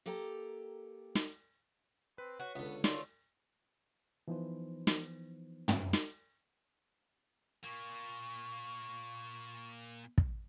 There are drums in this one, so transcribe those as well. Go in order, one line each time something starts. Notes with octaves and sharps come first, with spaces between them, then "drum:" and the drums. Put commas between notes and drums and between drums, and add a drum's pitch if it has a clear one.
A#3 G4 A4 G5 A#5
drum: snare
C4 B4
F#4 C#5
C#2 D3 B3
A3 F4 C#5 D5, drum: snare
E3 F3 B3 D#4 B4 C5
drum: snare
drum: tom
drum: snare
A#2 A#3 C#6
drum: kick